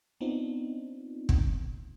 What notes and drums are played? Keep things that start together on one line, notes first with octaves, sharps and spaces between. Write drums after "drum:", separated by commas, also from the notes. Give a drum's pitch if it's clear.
B3 C4 D4 D#4 F4
drum: kick